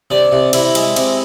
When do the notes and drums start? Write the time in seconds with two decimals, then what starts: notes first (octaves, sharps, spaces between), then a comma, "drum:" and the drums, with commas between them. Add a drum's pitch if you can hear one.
0.10 C3 D4
0.32 C3
0.53 C3 E4, drum: cymbal
0.75 G#3, drum: cymbal
0.96 C3, drum: cymbal